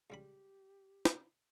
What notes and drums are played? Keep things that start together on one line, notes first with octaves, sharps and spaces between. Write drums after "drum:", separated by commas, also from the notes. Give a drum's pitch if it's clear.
C#2 G3 G4 B5
drum: snare